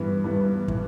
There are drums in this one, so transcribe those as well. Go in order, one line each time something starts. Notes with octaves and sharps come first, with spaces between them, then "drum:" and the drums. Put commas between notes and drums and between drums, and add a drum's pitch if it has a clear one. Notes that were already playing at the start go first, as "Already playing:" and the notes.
Already playing: G2 E3 B3
G2 E3 B3
E3 B3, drum: kick